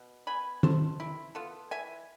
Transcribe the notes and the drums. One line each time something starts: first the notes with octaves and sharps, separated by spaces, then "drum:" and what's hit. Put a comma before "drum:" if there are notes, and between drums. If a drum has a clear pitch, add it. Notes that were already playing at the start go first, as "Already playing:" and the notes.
Already playing: B2
B3 G#5 B5
B2 A4 C5, drum: tom
E3 C4 E4
B3 F4 A4
E3 E5 G#5